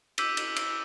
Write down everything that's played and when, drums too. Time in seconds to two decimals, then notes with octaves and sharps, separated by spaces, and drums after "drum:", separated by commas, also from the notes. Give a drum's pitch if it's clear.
0.18 D6 E6 G6 B6 D#7, drum: cymbal
0.37 drum: cymbal
0.56 drum: cymbal